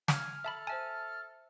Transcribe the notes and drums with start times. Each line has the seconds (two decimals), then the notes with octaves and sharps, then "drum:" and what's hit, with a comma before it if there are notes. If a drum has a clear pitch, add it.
0.08 G#5 F6, drum: snare
0.44 A4 E5 A5 B5
0.67 C5 E5 G#5 A5